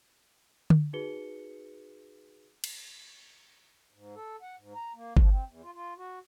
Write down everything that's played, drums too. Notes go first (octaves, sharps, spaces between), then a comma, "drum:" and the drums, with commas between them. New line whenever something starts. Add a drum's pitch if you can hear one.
drum: tom D3
D#4 F#4 G#4 B4 C#7 G7
drum: cymbal
G#2
A4
F#5
G#2
A#5
A#3
F3, drum: kick G1
C4
E2
F4
F4
F#4